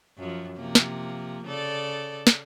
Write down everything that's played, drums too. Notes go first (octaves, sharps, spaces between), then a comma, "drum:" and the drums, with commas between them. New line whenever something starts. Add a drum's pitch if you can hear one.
F#2 F3
C3 F3 A#3
drum: snare
C#3 A4 D5
drum: snare